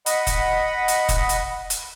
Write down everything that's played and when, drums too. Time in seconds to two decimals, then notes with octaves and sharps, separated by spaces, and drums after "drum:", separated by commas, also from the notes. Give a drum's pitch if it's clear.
0.06 D#5 F#5 B5, drum: hi-hat
0.27 drum: kick, hi-hat
0.88 drum: hi-hat
1.09 drum: kick, hi-hat
1.29 drum: hi-hat
1.70 drum: hi-hat